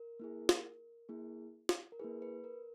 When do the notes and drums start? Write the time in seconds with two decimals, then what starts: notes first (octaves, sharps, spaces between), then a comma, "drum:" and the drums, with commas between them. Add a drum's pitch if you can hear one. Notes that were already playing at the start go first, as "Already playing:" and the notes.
Already playing: A#4
0.19 A#3 E4 G#4
0.49 drum: snare
1.09 A#3 E4 G#4
1.69 drum: snare
1.92 A#4
1.99 A#3 E4 G#4 B4
2.22 B4
2.44 A#4